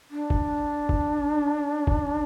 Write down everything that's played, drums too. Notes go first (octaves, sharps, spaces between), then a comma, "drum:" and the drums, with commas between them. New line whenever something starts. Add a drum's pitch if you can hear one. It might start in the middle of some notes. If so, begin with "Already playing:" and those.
D4
drum: kick
drum: kick
drum: kick